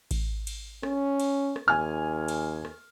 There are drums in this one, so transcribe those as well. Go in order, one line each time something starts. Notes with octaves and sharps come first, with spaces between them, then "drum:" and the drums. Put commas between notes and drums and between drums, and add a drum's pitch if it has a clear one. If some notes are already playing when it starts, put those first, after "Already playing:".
drum: kick A1, cymbal
drum: cymbal
C#4, drum: rim click
drum: cymbal
drum: rim click
D#2 G#5 F6
drum: cymbal
drum: rim click